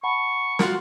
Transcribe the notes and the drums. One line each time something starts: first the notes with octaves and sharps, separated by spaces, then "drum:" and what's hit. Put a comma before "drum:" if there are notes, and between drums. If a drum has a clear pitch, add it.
F#5 A5 B5 C#6
F4 F#4 A#4, drum: snare